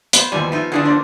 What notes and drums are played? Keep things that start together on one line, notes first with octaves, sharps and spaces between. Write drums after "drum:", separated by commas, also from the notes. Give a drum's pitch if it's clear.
B3 C5, drum: hi-hat
D#2 E3 F3 G3 G#5
D#4 F4 E5
D3 F3 D4 E4 G#4 D5
A#3 C5 D5 C6